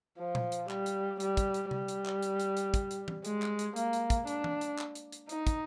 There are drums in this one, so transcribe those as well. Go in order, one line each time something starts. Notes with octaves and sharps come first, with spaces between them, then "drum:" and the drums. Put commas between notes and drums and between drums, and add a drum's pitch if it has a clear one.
F3
drum: tom A#2
drum: hi-hat
G3, drum: clap
drum: hi-hat
G3, drum: hi-hat
drum: kick, hi-hat
drum: hi-hat
G3, drum: tom C3
drum: hi-hat
drum: clap
drum: hi-hat
drum: hi-hat
drum: hi-hat
drum: kick, hi-hat
drum: hi-hat
drum: tom
G#3, drum: hi-hat
drum: clap
drum: hi-hat
A#3, drum: hi-hat
drum: hi-hat
drum: kick, hi-hat
D4, drum: hi-hat
drum: tom
drum: hi-hat
drum: clap
drum: hi-hat
drum: hi-hat
D#4, drum: hi-hat
drum: kick, hi-hat